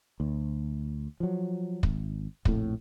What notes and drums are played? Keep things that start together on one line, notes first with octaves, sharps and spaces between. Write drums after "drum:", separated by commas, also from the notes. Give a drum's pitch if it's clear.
D2
F3 F#3
G#1, drum: kick
A#1 F2 A2, drum: kick